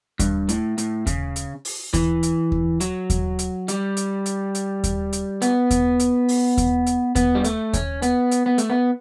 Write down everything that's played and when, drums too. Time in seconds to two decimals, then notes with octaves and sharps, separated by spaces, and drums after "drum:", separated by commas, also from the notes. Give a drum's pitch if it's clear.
0.19 G2, drum: kick D#2, hi-hat
0.49 A2, drum: hi-hat
0.78 A2, drum: hi-hat
1.07 C#3, drum: kick D#2, hi-hat
1.36 drum: hi-hat
1.65 drum: open hi-hat
1.94 E3, drum: kick D#2, hi-hat
2.23 drum: hi-hat
2.52 drum: kick D#2
2.80 F#3, drum: hi-hat
3.10 drum: kick D#2, hi-hat
3.39 drum: hi-hat
3.68 G3, drum: hi-hat
3.97 drum: hi-hat
4.26 drum: hi-hat
4.55 drum: hi-hat
4.84 drum: kick D#2, hi-hat
5.13 drum: hi-hat
5.42 B3, drum: hi-hat
5.71 drum: kick D#2, hi-hat
6.00 drum: hi-hat
6.28 drum: open hi-hat
6.57 drum: kick D#2, hi-hat
6.86 drum: hi-hat
7.15 B3, drum: kick D#2, hi-hat
7.35 G3
7.44 A3, drum: hi-hat
7.73 C#4, drum: kick D#2, hi-hat
8.02 B3, drum: hi-hat
8.31 drum: hi-hat
8.46 B3
8.58 A3, drum: hi-hat
8.70 B3